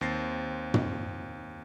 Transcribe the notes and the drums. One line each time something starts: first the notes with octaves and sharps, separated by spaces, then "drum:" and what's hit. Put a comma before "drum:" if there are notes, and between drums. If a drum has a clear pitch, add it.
D#2 C4 A6 A#6 C7
drum: tom